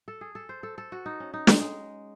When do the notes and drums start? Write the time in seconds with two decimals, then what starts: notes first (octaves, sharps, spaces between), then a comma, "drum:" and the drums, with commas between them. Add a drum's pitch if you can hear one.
0.08 A4
0.21 G#4
0.35 A4
0.49 C5
0.63 A4
0.78 A4
0.92 F#4
1.06 D#4
1.20 C#4
1.34 D#4
1.47 G#3, drum: snare
1.61 G#3